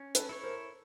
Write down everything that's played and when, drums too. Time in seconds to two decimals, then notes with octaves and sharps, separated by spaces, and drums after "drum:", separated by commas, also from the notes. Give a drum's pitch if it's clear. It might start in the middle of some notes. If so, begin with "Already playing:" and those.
Already playing: C#4
0.15 A4 B4, drum: hi-hat
0.29 E4 A4 C#5
0.44 A#4 C5